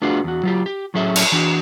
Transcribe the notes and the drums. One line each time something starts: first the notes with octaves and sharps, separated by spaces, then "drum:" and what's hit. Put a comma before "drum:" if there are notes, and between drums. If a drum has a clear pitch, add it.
A3 B3 D4 F4 F#4 G#4
E2 F#4
F#3 F4 G4
G4
A2 F#3 A3 C#4 G#4 E5
drum: cymbal
E3 D4 F#4